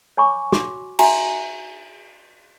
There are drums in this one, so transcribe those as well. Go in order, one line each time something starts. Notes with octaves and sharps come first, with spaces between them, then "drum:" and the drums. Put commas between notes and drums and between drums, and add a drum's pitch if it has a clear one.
C#5 G#5 B5 C#6 D6
F#4 D6, drum: snare
F#4 E5 G#5 A#5, drum: cymbal